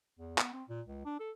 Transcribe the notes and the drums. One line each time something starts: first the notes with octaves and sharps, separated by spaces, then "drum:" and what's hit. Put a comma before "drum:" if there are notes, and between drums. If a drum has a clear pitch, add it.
E2
B3, drum: clap
C4
A#2
C#2
D4
A4